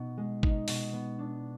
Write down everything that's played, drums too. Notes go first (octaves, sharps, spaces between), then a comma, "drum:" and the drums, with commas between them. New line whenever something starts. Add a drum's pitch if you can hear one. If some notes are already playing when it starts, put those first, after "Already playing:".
Already playing: B2 B3 D#4
G#3
D#4, drum: kick G#1
B2, drum: open hi-hat
B3
D4